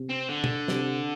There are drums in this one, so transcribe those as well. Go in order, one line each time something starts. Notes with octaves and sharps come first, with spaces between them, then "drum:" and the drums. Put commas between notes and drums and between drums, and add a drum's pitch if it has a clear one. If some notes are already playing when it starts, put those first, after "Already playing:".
Already playing: C3
C4
D3
drum: tom
C3, drum: snare